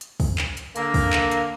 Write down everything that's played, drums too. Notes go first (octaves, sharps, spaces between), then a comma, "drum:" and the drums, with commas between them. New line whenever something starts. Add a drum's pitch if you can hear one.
drum: hi-hat
drum: kick, open hi-hat
drum: clap
drum: hi-hat
D3 A#3, drum: hi-hat
drum: kick, open hi-hat
drum: clap
drum: hi-hat